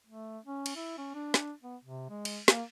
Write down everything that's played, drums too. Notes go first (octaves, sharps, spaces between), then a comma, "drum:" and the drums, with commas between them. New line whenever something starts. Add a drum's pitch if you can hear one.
A3
C#4
drum: cymbal
E4
C#4
D4
drum: snare
B3
C3
G#3
drum: cymbal
A#3, drum: snare